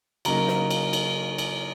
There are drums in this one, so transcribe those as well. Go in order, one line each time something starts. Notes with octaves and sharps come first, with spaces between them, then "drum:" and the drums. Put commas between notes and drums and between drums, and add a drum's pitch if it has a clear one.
C#3 F#3 A#3 D#4 A#5, drum: cymbal
drum: snare
drum: cymbal
drum: cymbal
drum: cymbal